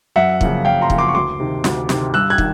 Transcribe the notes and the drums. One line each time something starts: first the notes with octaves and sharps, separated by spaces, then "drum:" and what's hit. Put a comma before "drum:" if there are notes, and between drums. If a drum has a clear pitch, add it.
F#2 E5 F#5
C#3 F3 A#3, drum: kick
F#2 F5 G5
A#5 C6
C#3 F3 A#3, drum: kick
C6 D6
C#6
D2 C6 D6
C3 D#3
D2, drum: snare
C3 D#3, drum: snare
G2 E6 F#6
F#6 G#6
D#3, drum: kick